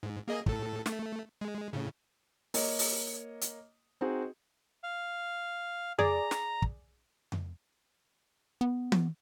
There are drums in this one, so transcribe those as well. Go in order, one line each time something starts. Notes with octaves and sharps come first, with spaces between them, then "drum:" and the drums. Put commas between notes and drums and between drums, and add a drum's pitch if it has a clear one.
G#2
A#3 G#4 D#5
A2 A4, drum: kick
A3, drum: snare
G#3
A2 C#3
A#3 C#5 D#5, drum: open hi-hat
drum: open hi-hat
drum: hi-hat
C4 D#4 F#4 G#4
F5
G#4 D5 A#5, drum: tom F2
drum: snare
drum: kick
drum: tom F2
B3
drum: tom E3